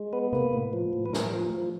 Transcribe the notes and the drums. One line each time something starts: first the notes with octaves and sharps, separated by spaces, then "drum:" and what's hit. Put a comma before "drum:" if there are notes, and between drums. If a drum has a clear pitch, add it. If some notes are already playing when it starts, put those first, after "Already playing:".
Already playing: G#3
B3 B4
A#3 B4, drum: tom C3
A2
F3
A2
B4
A2 A#4, drum: snare
F3
F3